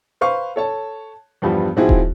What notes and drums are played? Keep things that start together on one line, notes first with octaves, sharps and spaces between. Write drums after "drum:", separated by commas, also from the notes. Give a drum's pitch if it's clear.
B4 C5 F5 C#6
A4 C#5 A5
E2 G2 F3 G3 B3
G#2 F3 C4 E4 F#4 G#4
drum: kick D#1